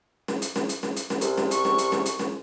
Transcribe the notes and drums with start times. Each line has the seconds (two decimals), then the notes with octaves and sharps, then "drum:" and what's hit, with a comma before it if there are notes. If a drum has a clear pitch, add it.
0.28 drum: snare
0.42 drum: hi-hat
0.56 drum: snare
0.69 drum: hi-hat
0.83 drum: snare
0.97 drum: hi-hat
1.10 drum: snare
1.21 C2, drum: hi-hat
1.37 drum: snare
1.51 C#6, drum: hi-hat
1.65 drum: snare
1.78 drum: hi-hat
1.92 drum: snare
2.06 drum: hi-hat
2.19 drum: snare